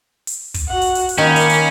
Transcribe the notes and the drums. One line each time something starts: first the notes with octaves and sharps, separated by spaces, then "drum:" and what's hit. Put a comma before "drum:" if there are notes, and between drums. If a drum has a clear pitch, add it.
drum: hi-hat
drum: kick, hi-hat
F#4 F#5
drum: hi-hat
drum: hi-hat
drum: hi-hat
D#3 A#3 C#4 B5
drum: hi-hat
drum: hi-hat